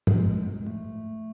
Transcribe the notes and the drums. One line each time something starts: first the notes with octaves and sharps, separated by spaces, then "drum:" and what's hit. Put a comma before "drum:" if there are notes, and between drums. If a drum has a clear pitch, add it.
G#3, drum: tom
A3